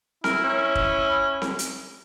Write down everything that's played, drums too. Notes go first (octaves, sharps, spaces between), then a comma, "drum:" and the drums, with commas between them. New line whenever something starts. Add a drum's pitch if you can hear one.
E4 A#4, drum: snare C4
C#4
drum: kick
drum: snare C4
drum: hi-hat